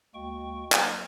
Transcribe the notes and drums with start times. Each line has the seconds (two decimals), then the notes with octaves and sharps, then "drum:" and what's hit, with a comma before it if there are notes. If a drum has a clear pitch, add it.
0.15 D2 G#3 A#3 F#4 G5 C#6
0.72 F#3 A#3, drum: clap